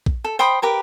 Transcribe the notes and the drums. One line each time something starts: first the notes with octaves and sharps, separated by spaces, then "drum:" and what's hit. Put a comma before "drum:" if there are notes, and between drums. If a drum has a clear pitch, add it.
drum: kick A#1
A4
C5 G5 B5 D#6
G4 A#4 B4